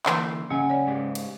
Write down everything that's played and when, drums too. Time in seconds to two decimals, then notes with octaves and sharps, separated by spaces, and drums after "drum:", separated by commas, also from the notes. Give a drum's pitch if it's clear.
0.06 D3 E3 A#3 B4 E5 C6, drum: clap
0.50 C#3 F#3 F#5 G#5
0.70 C#5 D5
0.87 G#2 G4
1.15 drum: cymbal